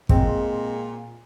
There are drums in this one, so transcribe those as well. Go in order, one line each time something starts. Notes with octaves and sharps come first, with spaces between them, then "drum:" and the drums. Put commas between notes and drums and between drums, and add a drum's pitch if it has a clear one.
A#2 G#3 C4, drum: kick